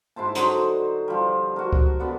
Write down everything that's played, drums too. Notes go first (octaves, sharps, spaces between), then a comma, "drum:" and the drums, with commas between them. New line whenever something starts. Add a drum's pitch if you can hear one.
G#2 E4 C5 A5
D3 F#3 D#4 C5, drum: hi-hat
F3 G3
F#4 A#4
drum: kick C#2
D3 B3 D5 F#5